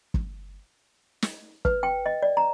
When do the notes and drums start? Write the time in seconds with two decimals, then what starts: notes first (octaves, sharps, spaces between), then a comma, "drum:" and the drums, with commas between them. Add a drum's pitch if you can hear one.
0.14 drum: kick
1.22 drum: snare
1.65 B4, drum: kick
1.83 G5
2.06 D#5
2.23 D5
2.37 A#5